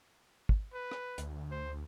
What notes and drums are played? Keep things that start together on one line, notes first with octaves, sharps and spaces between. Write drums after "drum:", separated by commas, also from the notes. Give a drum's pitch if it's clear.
drum: kick
B4
drum: rim click
D2, drum: hi-hat
C5